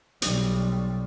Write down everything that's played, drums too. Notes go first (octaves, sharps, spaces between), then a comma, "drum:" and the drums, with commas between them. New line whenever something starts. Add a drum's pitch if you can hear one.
B1 G3, drum: hi-hat